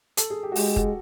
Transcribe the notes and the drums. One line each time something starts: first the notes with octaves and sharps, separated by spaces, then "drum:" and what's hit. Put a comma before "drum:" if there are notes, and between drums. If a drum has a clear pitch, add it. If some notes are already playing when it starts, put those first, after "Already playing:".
A4, drum: hi-hat
G#4
G4
F#4
G#3 G4, drum: open hi-hat
F#4, drum: kick